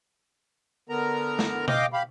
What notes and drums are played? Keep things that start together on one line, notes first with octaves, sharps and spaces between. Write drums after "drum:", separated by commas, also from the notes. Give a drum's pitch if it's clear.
D3 B3 A#4 A#5
drum: snare
D#5 F5 G5 D6, drum: tom B2
G4 F5 B5